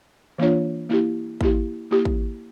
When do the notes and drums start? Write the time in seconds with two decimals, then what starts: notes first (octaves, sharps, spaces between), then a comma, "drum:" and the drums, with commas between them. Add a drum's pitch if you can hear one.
0.38 E3 A#3 D4 F4 C#5
0.90 A#3 E4 G4
1.41 A#3 E4 G4, drum: kick A1
1.91 A#3 E4 G4
2.05 drum: kick A1